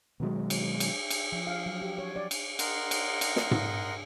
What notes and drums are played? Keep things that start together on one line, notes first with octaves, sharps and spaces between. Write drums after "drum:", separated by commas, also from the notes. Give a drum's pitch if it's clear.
B2 D#3 F#3 G#3
drum: cymbal
drum: cymbal
drum: cymbal
F3
F5
F#3
G4
C#5
D5
drum: cymbal
A#4 D#5 F#5 C6, drum: cymbal
drum: cymbal
drum: cymbal
drum: snare
drum: tom G#2